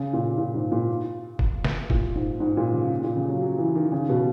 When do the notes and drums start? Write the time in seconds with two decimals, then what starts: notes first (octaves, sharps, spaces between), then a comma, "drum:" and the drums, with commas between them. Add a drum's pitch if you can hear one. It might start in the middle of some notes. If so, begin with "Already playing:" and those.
Already playing: C#3
0.13 A#2
0.38 A#2
0.55 G#2
0.72 A#2
1.39 drum: kick
1.64 drum: snare
1.90 A#2, drum: kick
2.15 G#2
2.40 G#2
2.57 A#2
2.74 C#3
3.03 A#2
3.16 C#3
3.29 F#3
3.42 F#3
3.58 E3
3.75 D#3
3.92 C#3
4.09 B2